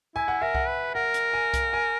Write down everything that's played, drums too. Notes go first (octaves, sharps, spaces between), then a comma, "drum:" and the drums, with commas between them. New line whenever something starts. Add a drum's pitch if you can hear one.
E4 G#5
F#5
A#4 E5
F#5, drum: kick C2
B4
A#4 F#5
drum: hi-hat
G#5
drum: kick C2, hi-hat
G#5